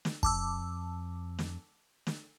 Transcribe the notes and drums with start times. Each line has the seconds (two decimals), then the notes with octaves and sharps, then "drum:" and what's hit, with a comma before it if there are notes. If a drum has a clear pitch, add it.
0.05 drum: snare
0.23 F2 A5 D6 E6, drum: kick
1.39 drum: snare
2.07 drum: snare